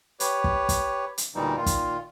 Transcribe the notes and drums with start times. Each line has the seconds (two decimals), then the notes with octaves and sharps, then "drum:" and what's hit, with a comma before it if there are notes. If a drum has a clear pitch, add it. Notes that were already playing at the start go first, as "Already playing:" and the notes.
0.20 G4 B4 C#5, drum: hi-hat
0.44 drum: kick
0.69 drum: kick, hi-hat
1.18 drum: hi-hat
1.35 D2 A#2 E3 G3 D#4
1.57 A#2 D#3 F4
1.66 drum: kick, hi-hat